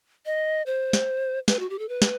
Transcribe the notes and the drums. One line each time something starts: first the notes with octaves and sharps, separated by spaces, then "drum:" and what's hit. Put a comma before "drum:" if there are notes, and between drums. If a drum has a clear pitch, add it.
D#5
C5
drum: snare
B4, drum: snare
F#4
G4
A4
B4
drum: snare